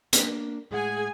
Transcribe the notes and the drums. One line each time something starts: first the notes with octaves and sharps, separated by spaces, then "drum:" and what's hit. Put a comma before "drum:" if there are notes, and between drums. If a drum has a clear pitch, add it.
A#3 D4, drum: hi-hat
A2 G#3 G#4 F#5 G#5